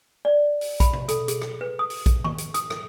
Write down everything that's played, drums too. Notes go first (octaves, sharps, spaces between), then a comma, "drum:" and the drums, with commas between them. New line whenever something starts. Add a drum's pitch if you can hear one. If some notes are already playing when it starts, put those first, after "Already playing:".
D5
drum: open hi-hat
B5, drum: kick A#1, hi-hat
drum: tom B2
A4, drum: hi-hat
G#4, drum: hi-hat
drum: rim click
B4
D#6
drum: open hi-hat
drum: kick A#1, hi-hat
C#6, drum: tom D#3
drum: hi-hat
D#6, drum: hi-hat
drum: rim click